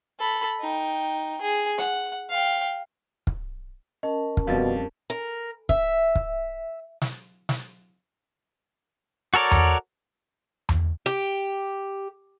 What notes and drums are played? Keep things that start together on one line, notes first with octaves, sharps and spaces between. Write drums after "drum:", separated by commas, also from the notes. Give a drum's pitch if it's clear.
A4 B5
D#4 G5
G#4
F#5, drum: hi-hat
F5 G5
drum: kick
C#4 A#4 D#5 A5
drum: kick
F2 B2 G3 D#5 F5 A6
A#4
E5, drum: kick
drum: kick
drum: snare
drum: snare
F#4 A4 A#4 C#5 D5
drum: tom E2
drum: tom E2
G4